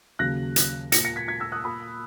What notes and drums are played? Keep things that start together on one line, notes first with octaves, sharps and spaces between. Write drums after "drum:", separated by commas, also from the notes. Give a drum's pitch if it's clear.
D#2 C#3 F#3 F#6 A#6
drum: hi-hat
A#2 A#3 A#6 C#7, drum: hi-hat
A#6 C#7
G#6 B6
G#6 B6
E6 G#6
D#6 F#6
A#2 A#3 B5 D#6